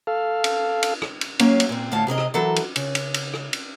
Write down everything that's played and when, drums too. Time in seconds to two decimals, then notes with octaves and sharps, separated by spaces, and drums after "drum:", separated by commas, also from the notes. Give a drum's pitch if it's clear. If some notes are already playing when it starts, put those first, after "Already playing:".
0.07 A4 F5
0.44 drum: cymbal
0.83 drum: cymbal
1.02 drum: rim click
1.21 drum: cymbal
1.39 F#3 A#3 C#4 F5, drum: cymbal
1.60 drum: cymbal
1.69 A#2 C4
1.92 D2 A2 F5 A5
2.07 C3 G#4 A#4 D#5
2.18 drum: rim click
2.34 E3 F#3 A4 A#4
2.56 drum: cymbal
2.76 C#3, drum: cymbal
2.95 drum: cymbal
3.14 drum: cymbal
3.34 drum: rim click
3.53 drum: cymbal